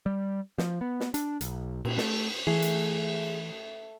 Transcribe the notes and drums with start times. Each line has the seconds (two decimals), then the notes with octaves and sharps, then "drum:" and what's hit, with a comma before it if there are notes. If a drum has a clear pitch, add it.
0.06 G3
0.58 F3, drum: snare
0.81 B3
1.00 drum: snare
1.14 D4, drum: hi-hat
1.41 B1, drum: hi-hat
1.85 A#2, drum: cymbal
1.98 A3, drum: snare
2.47 E3 A3 G#4
2.62 drum: hi-hat